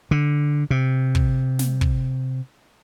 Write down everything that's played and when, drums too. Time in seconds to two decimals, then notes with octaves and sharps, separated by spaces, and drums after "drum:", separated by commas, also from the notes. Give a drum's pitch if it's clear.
0.11 D3
0.71 C3
1.15 drum: kick
1.59 drum: snare
1.81 drum: kick